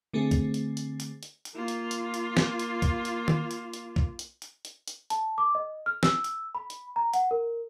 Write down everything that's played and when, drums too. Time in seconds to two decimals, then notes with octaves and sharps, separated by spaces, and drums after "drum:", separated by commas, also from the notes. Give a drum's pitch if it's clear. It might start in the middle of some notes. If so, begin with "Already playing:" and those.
0.13 D3 A3 C4 G#4
0.31 drum: kick B1, hi-hat
0.54 drum: hi-hat
0.77 drum: hi-hat
1.00 drum: hi-hat
1.23 drum: hi-hat
1.45 drum: hi-hat
1.55 A#3 F4
1.68 drum: hi-hat
1.91 drum: hi-hat
2.14 drum: hi-hat
2.37 drum: snare
2.59 drum: hi-hat
2.82 drum: kick B1, hi-hat
3.05 drum: hi-hat
3.28 drum: tom
3.51 drum: hi-hat
3.73 drum: hi-hat
3.96 drum: kick B1
4.19 drum: hi-hat
4.42 drum: hi-hat
4.65 drum: hi-hat
4.88 drum: hi-hat
5.10 A5, drum: hi-hat
5.38 D6
5.55 D#5
5.86 F6
6.03 E6, drum: snare
6.24 drum: hi-hat
6.55 B5
6.70 drum: hi-hat
6.96 A#5
7.14 F#5, drum: hi-hat
7.31 A#4